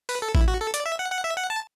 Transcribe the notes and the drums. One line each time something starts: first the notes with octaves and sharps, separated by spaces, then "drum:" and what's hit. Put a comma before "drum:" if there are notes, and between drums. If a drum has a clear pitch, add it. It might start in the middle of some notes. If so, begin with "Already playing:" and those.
B4, drum: open hi-hat
A4
E4, drum: kick
F#4
A4
D5, drum: hi-hat
E5
F#5
F#5
E5
F#5
A5